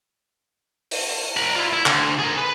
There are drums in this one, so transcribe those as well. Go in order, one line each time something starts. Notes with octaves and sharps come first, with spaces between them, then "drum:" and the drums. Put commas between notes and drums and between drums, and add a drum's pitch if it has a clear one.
drum: open hi-hat
A#4 B5
E4 F4
E4
D2, drum: clap
G#4 A#4
B4